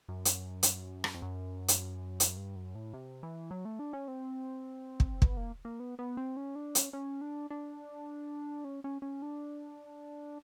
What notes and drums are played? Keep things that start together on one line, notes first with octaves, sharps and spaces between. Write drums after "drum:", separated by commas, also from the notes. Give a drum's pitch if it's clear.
F#2
drum: hi-hat
drum: hi-hat
drum: rim click
F2
F#2
drum: hi-hat
F2, drum: hi-hat
F#2
G2
F#2
A2
C3
E3
F#3
A3
D4
C#4
C4
drum: kick
B3, drum: kick
A#3
A#3
B3
B3
C4
C#4
D4
C#4, drum: hi-hat
C#4
D4
D4
C#4
C#4
C#4
D4